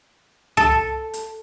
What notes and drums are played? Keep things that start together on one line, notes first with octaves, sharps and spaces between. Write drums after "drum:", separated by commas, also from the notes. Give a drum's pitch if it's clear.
A4, drum: tom
drum: hi-hat